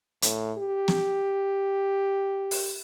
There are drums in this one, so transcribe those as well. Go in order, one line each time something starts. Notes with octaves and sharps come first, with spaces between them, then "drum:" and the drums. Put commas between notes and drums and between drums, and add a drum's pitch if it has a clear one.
A2, drum: hi-hat
G4
drum: snare
drum: open hi-hat